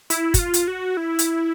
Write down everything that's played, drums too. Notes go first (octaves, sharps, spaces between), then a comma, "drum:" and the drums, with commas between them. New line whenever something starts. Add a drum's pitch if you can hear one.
E4, drum: hi-hat
F#4, drum: kick, hi-hat
F4
drum: hi-hat
F#4
E4
drum: hi-hat